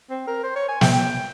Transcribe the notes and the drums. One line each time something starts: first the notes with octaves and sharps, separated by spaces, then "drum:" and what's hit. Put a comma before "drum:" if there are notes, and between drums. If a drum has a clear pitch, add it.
C4
A#4
C5
C#5
G#5
G5, drum: snare
G5